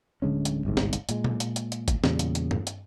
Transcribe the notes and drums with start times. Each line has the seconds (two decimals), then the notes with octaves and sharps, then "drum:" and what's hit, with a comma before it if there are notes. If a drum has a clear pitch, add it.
0.22 D1 D3 G#3 C#4
0.45 drum: hi-hat
0.65 G1 C2 G#2
0.77 drum: snare
0.93 drum: hi-hat
1.09 A#2 G#3, drum: hi-hat
1.24 drum: tom A#2
1.40 drum: hi-hat
1.56 drum: hi-hat
1.72 drum: hi-hat
1.88 drum: kick G1, hi-hat
2.04 E2 A#2 C#3 G3, drum: snare
2.19 drum: hi-hat
2.35 drum: hi-hat
2.51 drum: tom G2
2.67 drum: hi-hat